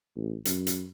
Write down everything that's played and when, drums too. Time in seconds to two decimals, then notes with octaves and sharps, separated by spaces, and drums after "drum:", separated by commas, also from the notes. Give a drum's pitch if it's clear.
0.17 A1
0.45 F#2, drum: hi-hat
0.67 drum: hi-hat